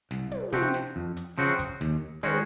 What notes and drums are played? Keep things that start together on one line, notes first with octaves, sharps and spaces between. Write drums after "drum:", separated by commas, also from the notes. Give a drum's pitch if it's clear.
C2, drum: snare
drum: tom
C3 F3 C4 F#4, drum: tom
drum: snare
F2
drum: hi-hat
C#3 F3 C4 F#4
drum: kick, hi-hat
D#2, drum: snare
D#3 G#3 C#4 F#4, drum: tom